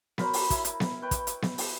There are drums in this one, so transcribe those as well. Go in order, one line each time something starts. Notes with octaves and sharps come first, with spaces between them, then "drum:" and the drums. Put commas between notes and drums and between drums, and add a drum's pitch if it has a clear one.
F#3 A#4 C5 B5, drum: snare B3
drum: open hi-hat
E4, drum: kick, hi-hat
drum: hi-hat
drum: snare B3
B4 G5 C#6
drum: kick, hi-hat
drum: hi-hat
drum: snare B3
drum: open hi-hat